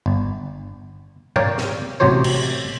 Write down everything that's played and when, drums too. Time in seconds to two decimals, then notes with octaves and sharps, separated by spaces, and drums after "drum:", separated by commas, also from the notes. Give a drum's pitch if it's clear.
0.06 G1
1.36 A#4 C#5 D5 F5 G5, drum: tom G2
1.58 drum: snare
2.00 A1 C3 F#3 G4 C5 C#5
2.24 drum: cymbal